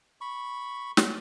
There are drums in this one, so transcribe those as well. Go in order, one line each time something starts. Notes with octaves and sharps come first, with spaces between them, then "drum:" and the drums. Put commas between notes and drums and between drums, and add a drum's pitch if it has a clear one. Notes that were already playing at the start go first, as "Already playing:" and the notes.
B5 C#6
drum: snare